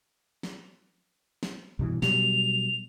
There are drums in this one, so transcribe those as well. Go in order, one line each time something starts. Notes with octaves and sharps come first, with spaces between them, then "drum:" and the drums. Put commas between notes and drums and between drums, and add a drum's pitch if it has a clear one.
drum: snare
drum: snare
G2 B2 E3
B2 F#3 G3 F7, drum: snare